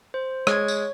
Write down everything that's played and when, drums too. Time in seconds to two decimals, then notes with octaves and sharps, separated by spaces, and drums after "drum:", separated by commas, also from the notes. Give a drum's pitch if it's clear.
0.14 C5
0.47 G#3 C#5 G#6, drum: rim click
0.68 drum: tambourine